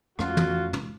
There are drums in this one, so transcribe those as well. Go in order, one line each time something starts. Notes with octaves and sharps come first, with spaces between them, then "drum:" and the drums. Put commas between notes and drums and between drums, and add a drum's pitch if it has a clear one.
F2 A3 C#4 F4 F#4, drum: rim click
drum: tom E3
drum: tom